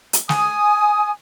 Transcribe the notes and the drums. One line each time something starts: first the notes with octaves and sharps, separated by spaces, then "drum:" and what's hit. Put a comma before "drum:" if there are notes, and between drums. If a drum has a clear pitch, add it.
drum: hi-hat
G#5 D#6, drum: snare